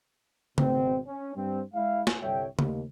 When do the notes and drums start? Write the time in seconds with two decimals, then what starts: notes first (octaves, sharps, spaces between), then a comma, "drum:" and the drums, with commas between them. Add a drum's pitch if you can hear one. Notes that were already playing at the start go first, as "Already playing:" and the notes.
0.58 G#1 B2 C4, drum: tom C#3
1.05 C#4
1.35 G2 C4
1.74 G#3 E4 F5
2.07 drum: snare
2.21 C2 G2 D3 C#5 E5 G5
2.59 D#2, drum: tom C#3